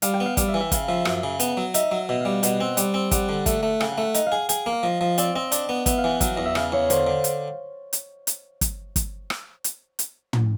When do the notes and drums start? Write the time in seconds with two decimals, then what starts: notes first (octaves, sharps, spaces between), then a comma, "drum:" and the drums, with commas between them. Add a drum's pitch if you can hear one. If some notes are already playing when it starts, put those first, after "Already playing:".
0.02 G3 F5, drum: hi-hat
0.13 G5
0.20 B3
0.26 F5
0.37 G3 F5, drum: kick, hi-hat
0.48 E5
0.54 E3
0.60 E5
0.72 C#3 F5, drum: kick, hi-hat
0.88 F3 E5
1.05 F#2, drum: rim click
1.23 C#3
1.40 B3, drum: hi-hat
1.57 F#3
1.74 D#4 E5, drum: hi-hat
1.91 F#3
2.09 B2 E5
2.21 G3 F5
2.32 F#5
2.43 B2 F#5, drum: hi-hat
2.60 C4 F#5
2.77 G3 G5, drum: hi-hat
2.94 C4
3.11 G3 F#5, drum: kick, hi-hat
3.29 D3
3.46 A3 F#5, drum: kick, hi-hat
3.63 A3 F#5
3.81 C#3 G5, drum: rim click
3.92 F#5
3.98 A3
4.03 F#5
4.15 D#4 F#5, drum: hi-hat
4.26 F5
4.32 G#4
4.49 G#4 G5, drum: hi-hat
4.66 A#3
4.72 F5
4.83 F3 D#5
5.01 F3
5.18 C4 D5, drum: hi-hat
5.35 C4 D#5
5.52 D4, drum: hi-hat
5.69 B3
5.86 B3 E5, drum: kick, hi-hat
5.98 F5
6.04 E3
6.09 F#5
6.21 F#3 F5, drum: kick, hi-hat
6.36 E2 D#5
6.46 E5
6.55 C#3 F5, drum: rim click
6.72 E2 C#5
6.90 D3 C5, drum: hi-hat
7.07 D3
7.24 drum: hi-hat
7.93 drum: hi-hat
8.27 drum: hi-hat
8.61 drum: kick, hi-hat
8.96 drum: kick, hi-hat
9.30 drum: rim click
9.64 drum: hi-hat
9.99 drum: hi-hat
10.33 drum: tom